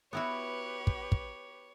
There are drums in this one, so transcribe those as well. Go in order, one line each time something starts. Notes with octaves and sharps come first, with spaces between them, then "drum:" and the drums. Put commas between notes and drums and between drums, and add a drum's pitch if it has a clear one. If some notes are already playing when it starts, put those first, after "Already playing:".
B3 E4 F#4 G4 B4 C#5
drum: kick
drum: kick